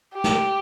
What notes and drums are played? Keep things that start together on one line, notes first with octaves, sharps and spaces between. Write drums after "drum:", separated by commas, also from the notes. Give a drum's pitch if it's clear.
G4
drum: snare